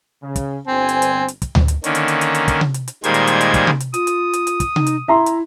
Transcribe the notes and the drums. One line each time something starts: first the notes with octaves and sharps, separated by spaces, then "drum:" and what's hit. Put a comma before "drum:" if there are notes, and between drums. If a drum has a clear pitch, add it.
C#3
drum: kick, hi-hat
G1 C4 C5 G#5
drum: hi-hat
drum: hi-hat
drum: hi-hat
drum: kick, hi-hat
drum: tom D2
drum: hi-hat
D3 D#3 A#3 C#4, drum: hi-hat
drum: hi-hat
drum: hi-hat
drum: hi-hat
drum: hi-hat
drum: kick, hi-hat
drum: tom C3
drum: hi-hat
drum: hi-hat
A#2 D#3 G3 G#3 C5 G#6, drum: hi-hat
drum: hi-hat
drum: hi-hat
drum: hi-hat
drum: kick, hi-hat
drum: tom C3
drum: hi-hat
F4 D#6, drum: hi-hat
drum: hi-hat
drum: hi-hat
drum: hi-hat
drum: kick, hi-hat
D#4, drum: tom C3
drum: hi-hat
E4 E5 A#5 C6
drum: hi-hat